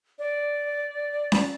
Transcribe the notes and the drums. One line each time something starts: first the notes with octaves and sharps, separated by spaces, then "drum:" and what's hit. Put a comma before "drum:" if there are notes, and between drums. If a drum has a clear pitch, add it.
D5
drum: snare C#4